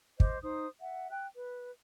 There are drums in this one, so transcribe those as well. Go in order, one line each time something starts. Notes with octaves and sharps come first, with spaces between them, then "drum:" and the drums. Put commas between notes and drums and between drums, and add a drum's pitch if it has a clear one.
C5 D#5 D6 G6, drum: kick
D#4 C5 D#6
E5 F#5
G5 F#6
B4